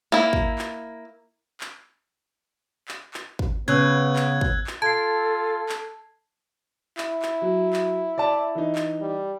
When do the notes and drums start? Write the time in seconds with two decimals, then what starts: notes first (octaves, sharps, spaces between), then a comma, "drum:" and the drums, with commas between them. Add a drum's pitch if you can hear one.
0.12 A#3 E4
0.33 drum: kick
0.58 drum: clap
1.61 drum: clap
2.88 drum: clap
3.14 drum: clap
3.39 drum: kick
3.68 C#3 B3 E6 F#6 G#6
4.16 drum: clap
4.41 drum: kick
4.67 drum: clap
4.82 F4 A4 A5 G#6 C7
5.69 drum: clap
6.98 E4, drum: clap
7.22 drum: clap
7.42 F#3
7.73 drum: clap
8.18 D5 E5 A5
8.55 E3 D#4
8.75 drum: clap
9.01 G3